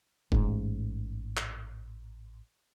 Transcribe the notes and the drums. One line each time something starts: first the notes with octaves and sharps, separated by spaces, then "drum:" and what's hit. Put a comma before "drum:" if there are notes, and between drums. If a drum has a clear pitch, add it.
A1 G#2, drum: kick
drum: clap